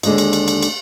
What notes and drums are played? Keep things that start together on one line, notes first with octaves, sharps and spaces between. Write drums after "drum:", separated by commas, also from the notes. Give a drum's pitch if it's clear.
D#2 D3 G#3 A#3 D#5, drum: cymbal
drum: cymbal
drum: cymbal
drum: cymbal
drum: cymbal